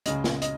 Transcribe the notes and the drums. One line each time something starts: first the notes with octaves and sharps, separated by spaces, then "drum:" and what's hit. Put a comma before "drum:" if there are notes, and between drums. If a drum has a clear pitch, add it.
C#2 C#3 G#3 D#5, drum: hi-hat
drum: snare
D#5, drum: hi-hat